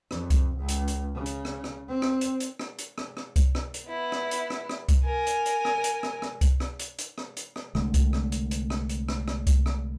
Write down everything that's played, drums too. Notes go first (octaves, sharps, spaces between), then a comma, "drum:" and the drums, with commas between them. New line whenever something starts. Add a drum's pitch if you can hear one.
F2, drum: rim click
drum: kick C2, hi-hat
C#2
drum: hi-hat
drum: hi-hat
C#3
drum: hi-hat
drum: rim click
drum: rim click
C4
drum: rim click
drum: hi-hat
drum: hi-hat
drum: rim click
drum: hi-hat
drum: rim click
drum: rim click
drum: kick C2, hi-hat
drum: rim click
drum: hi-hat
B3 E4
drum: rim click
drum: hi-hat
drum: rim click
drum: rim click
drum: kick C2, hi-hat
A#4 G#5
drum: hi-hat
drum: hi-hat
drum: rim click
drum: hi-hat
drum: rim click
drum: rim click
drum: kick C2, hi-hat
drum: rim click
drum: hi-hat
drum: hi-hat
drum: rim click
drum: hi-hat
drum: rim click
C2 D3 G#3 A3, drum: rim click
drum: kick C2, hi-hat
drum: rim click
drum: hi-hat
drum: hi-hat
drum: rim click
drum: hi-hat
drum: rim click
drum: rim click
drum: kick C2, hi-hat
drum: rim click